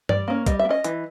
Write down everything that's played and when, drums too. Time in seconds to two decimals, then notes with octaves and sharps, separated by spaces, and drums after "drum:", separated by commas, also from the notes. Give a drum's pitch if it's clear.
0.09 G3 D5, drum: tom G2
0.28 A#3 C#4
0.46 G3 D#5, drum: kick, hi-hat
0.59 E5
0.65 A#3
0.69 C#4 D#5
0.84 E3, drum: hi-hat